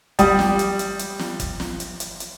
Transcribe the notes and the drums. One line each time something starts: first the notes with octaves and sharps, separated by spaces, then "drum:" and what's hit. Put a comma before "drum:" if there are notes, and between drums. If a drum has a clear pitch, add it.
G3 D#6, drum: kick F#1, hi-hat
drum: snare
drum: hi-hat
drum: hi-hat
drum: hi-hat
drum: snare
drum: kick F#1, hi-hat
drum: snare
drum: hi-hat
drum: hi-hat
drum: hi-hat